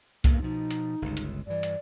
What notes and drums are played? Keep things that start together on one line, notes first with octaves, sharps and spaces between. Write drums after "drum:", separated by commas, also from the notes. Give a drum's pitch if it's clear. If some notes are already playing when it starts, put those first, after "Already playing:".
A1 E2 G2 A#3, drum: kick C2, hi-hat
B2 F3 D#4
drum: hi-hat
G1 C#2
drum: hi-hat
G2 E3 D5
drum: hi-hat